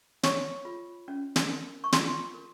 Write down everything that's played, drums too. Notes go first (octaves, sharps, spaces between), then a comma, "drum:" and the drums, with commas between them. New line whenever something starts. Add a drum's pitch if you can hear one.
C#5 C#6, drum: snare
F4
C#4
drum: snare
A#4
C#6
F4 C6, drum: snare
A#4